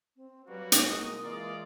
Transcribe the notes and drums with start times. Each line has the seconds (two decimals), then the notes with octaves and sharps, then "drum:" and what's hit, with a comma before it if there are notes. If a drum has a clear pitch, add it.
0.17 C4
0.48 F#3 G3 A#3 F#4 B4
0.72 drum: hi-hat
0.84 C2 G#3 A#3 A#4 D#5 D#6
1.23 E3 G#3 F4 D5